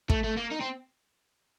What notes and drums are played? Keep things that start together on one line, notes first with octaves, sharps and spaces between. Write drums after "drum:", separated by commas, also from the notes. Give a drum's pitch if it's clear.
A3, drum: kick
A3
A#3
D#4
C4